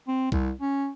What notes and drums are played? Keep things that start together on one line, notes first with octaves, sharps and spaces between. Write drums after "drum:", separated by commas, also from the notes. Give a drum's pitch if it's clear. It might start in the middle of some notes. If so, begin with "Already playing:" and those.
C4
C2, drum: kick C2
C#4